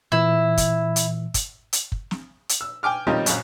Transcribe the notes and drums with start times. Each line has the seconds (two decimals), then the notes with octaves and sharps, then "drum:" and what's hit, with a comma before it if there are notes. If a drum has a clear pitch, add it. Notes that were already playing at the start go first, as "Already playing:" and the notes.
0.12 A#2 E3 E4
0.57 drum: kick, hi-hat
0.96 drum: hi-hat
1.34 drum: kick, hi-hat
1.73 drum: hi-hat
1.92 drum: kick
2.11 drum: snare
2.49 drum: hi-hat
2.61 E6
2.83 G5 G#5 D6 F6
3.07 D#3 F3 G3 C4 C#4 D#4
3.26 A#1 F#2, drum: hi-hat